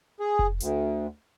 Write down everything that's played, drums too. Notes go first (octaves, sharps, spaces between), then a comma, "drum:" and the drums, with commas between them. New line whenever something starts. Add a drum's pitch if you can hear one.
G#4
drum: kick F1
D2, drum: hi-hat